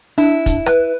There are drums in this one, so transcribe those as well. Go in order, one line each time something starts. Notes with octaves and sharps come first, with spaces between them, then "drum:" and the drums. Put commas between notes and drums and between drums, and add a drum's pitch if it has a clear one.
D4 E4
drum: kick, hi-hat
B4, drum: rim click